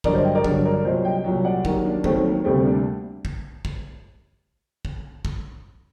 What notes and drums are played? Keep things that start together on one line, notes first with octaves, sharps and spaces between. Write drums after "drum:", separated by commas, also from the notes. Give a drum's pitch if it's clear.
G2 D3 F#3 A#4 D5, drum: kick
C5 D#5
D#5 G5
A#4 D5
G2 D3 F#3, drum: kick
A#4 D5
C2 A#2 F#3 C5 D#5
D#5 G5
C2 A#2 F#3
D5 F#5
D#2 D#3 F#3 G4 A#4, drum: kick
A#3 D4
D#2 D#3 F#3 A3 C4, drum: kick
A#3
D2 C3 G3 A3 C4
A#3 D4
drum: kick
drum: kick
drum: kick
drum: kick